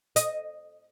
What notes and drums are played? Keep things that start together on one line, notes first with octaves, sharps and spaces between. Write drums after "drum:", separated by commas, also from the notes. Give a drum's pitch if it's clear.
D#5, drum: hi-hat